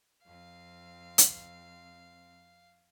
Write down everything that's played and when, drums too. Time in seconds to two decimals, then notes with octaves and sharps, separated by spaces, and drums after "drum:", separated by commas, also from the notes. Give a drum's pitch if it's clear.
0.25 F2 C4 F5
1.18 drum: hi-hat